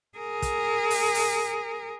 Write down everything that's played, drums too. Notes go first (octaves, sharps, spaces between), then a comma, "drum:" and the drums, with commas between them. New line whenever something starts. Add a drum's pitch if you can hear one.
G#4 A#4
drum: kick, hi-hat
drum: open hi-hat
drum: open hi-hat